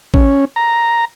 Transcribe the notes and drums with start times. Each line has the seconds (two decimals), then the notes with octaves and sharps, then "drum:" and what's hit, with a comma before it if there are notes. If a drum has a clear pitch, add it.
0.14 C#4, drum: kick A1
0.56 A#5